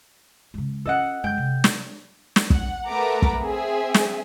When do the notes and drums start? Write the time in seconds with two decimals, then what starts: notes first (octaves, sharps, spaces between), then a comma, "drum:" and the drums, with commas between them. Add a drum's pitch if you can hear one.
0.54 C#3 G#3
0.85 C#4 F4 A4 D#5 F#5
1.24 F#2 G#3 G5 G6
1.38 C3
1.64 drum: snare
2.36 drum: snare
2.50 F#5, drum: kick
2.87 A3 A#4 B4 F#5 A#5 D6
3.22 drum: kick
3.42 C4 G#4 E5
3.94 drum: snare